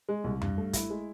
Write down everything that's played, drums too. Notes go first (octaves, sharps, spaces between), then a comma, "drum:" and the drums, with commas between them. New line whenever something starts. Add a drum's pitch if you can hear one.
G#3
C2
G2, drum: tom F2
A3
E4, drum: kick, hi-hat
G#3